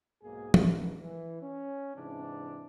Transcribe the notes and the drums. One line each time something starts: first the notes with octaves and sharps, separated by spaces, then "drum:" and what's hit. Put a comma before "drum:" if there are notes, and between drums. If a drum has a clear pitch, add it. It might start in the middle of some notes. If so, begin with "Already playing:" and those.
B1 G#2 A#3 G#4
D3 E3 G#3 A#3, drum: tom F3
E3
C#4
G#2 C3 E3 D4